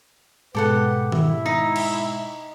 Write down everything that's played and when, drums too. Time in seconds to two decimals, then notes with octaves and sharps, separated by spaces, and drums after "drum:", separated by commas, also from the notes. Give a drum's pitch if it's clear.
0.55 G#2 B2 G#3 G4 A4 B4 F#5
1.12 E4, drum: tom D#3
1.46 D#4
1.76 drum: cymbal